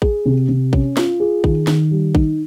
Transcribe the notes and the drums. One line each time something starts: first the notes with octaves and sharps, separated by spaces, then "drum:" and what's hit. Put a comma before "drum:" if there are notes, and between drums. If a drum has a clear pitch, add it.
G#4, drum: kick
C3
C3
C#4, drum: kick
F4, drum: snare
G#4
D#3, drum: kick
D#3, drum: snare
G3
D#4, drum: kick